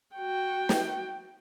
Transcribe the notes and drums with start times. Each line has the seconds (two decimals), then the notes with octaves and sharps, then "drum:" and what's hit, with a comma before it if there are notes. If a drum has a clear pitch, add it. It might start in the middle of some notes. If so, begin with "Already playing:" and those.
0.16 F#4 G5
0.69 drum: snare